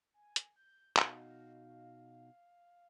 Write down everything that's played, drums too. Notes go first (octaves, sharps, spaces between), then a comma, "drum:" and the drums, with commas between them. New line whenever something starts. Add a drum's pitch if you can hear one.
G#5
drum: hi-hat
G6
B2 D#4 F#4 F5, drum: clap